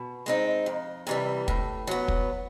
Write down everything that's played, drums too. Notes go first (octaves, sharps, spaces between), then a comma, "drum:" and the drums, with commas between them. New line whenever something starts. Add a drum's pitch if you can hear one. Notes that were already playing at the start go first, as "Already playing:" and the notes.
Already playing: B2
G#3 C4 D#4
F2
C3 E3 G3
A2, drum: kick
F#3 B3
drum: kick